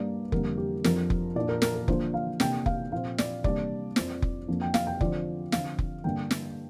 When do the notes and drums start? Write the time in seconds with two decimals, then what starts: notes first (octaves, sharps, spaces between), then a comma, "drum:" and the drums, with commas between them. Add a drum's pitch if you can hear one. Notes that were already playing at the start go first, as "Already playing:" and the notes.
Already playing: G2 G3 A#3 D4 D5
0.32 F2 D3 G3 A#3 A#4, drum: kick F1
0.57 G4
0.84 F2 F3 D4 A#4, drum: snare
1.10 drum: kick F1
1.36 A#2 F3 D4 D5
1.49 A#4
1.62 A#4, drum: snare
1.75 A#4
1.88 D3 F3 A#3 D4 C5, drum: kick F1
2.14 F5
2.40 C3 A#3 D4 G5, drum: snare
2.66 F5, drum: kick F1
2.92 A#2 F3 C4 F5
3.18 D5, drum: snare
3.44 C3 G3 A#3 D4 D5, drum: kick F1
3.96 F2 F3 C4, drum: snare
4.22 drum: kick F1
4.48 F2 F3 A#3 D4
4.61 G5
4.74 F5, drum: snare
4.87 G5
5.01 D3 F3 C4 D5, drum: kick F1
5.52 D3 F3 C4 F5, drum: snare
5.79 drum: kick F1
6.04 G2 D3 A#3 D4 G5
6.31 drum: snare